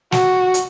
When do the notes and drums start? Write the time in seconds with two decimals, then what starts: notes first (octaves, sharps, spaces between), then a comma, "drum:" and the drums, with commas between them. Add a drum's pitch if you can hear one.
0.12 F#4, drum: snare
0.54 drum: hi-hat